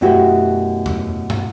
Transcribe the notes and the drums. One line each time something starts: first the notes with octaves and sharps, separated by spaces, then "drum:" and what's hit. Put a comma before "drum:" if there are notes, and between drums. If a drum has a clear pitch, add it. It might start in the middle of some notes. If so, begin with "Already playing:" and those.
F#2 B2 A3 E4 F#4 G4
drum: tom E2
drum: tom